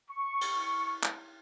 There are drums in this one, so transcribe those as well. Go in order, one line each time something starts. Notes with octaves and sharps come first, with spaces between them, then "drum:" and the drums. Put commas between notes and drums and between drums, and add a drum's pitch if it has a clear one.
C#6
drum: cymbal
drum: clap